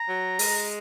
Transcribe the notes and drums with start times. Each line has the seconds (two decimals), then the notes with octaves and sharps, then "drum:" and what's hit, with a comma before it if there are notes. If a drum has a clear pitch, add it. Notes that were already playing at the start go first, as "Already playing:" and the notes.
Already playing: A#5
0.08 F#3
0.39 G#3, drum: open hi-hat